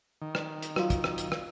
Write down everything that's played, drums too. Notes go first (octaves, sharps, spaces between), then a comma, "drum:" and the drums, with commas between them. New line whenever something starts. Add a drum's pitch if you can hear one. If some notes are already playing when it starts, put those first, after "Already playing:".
D#3
drum: rim click
drum: hi-hat
F#3 F4, drum: rim click
drum: kick, hi-hat
drum: rim click
drum: hi-hat
drum: rim click